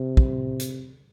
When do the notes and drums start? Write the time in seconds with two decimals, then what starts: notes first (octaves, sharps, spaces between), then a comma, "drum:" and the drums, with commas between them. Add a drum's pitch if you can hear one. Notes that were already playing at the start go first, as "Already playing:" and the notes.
Already playing: C3
0.17 drum: kick
0.60 drum: hi-hat